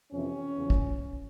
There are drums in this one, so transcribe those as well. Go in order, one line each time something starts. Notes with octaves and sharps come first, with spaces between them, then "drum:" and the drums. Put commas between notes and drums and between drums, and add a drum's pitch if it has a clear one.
F2 C3 E3 C#4
E2 C#3 F3
drum: kick